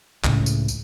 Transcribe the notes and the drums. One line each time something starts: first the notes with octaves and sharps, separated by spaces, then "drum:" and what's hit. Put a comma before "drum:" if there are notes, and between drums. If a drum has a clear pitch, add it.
C#2 A2 C#3, drum: clap
drum: tambourine
drum: tambourine